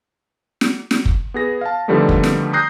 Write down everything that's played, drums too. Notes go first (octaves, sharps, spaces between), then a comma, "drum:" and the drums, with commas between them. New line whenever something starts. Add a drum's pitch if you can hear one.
drum: snare
drum: snare
drum: kick
B3 G#4 A#6
F5 A5
D3 D#3 F3 G3 A3 B3
drum: kick
drum: snare
A#5 D#6 F#6 G6 A#6 C7